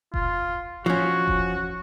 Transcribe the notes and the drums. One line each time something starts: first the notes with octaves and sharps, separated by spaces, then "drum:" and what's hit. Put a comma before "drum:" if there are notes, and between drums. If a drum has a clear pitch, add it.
F4, drum: kick F1
F3 C#4 F#4
drum: kick F1